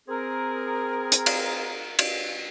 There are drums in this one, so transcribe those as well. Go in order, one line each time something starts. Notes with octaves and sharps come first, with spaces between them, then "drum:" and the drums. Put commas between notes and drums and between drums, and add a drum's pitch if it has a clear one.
C4 G#4 A#4
drum: hi-hat
drum: cymbal
drum: cymbal